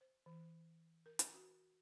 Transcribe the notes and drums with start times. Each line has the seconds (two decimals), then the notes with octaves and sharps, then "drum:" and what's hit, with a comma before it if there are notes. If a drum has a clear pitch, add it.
0.01 C5
0.26 E3
1.06 A#4
1.19 drum: hi-hat
1.34 F#4